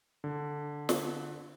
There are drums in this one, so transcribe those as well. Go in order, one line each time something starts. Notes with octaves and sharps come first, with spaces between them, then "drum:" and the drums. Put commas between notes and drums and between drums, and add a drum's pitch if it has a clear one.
D3
drum: snare